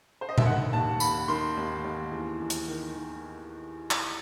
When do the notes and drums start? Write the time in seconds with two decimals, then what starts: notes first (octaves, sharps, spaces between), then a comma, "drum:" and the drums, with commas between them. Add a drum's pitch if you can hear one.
0.21 C5
0.29 D#5
0.38 E5, drum: tom A#2
0.45 D#3 F#5
0.73 D#2 A5
1.00 D#2 B5, drum: tambourine
1.28 D#3 C6
1.57 D#2
1.84 D#2
2.12 E2
2.40 E2
2.50 drum: hi-hat
2.68 D#3
2.96 D#3
3.91 drum: clap